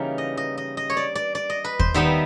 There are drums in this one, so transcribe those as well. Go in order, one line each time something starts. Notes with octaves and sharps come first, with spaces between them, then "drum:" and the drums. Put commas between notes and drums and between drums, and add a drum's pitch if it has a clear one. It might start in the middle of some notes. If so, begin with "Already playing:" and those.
Already playing: C#3 E3 G3 A#3 D#4
D#5
D#5
D#5
D#5
C#5
D5
D5
D5
D#5
B4
C5, drum: kick
D#3 G3 B3 D#4 E5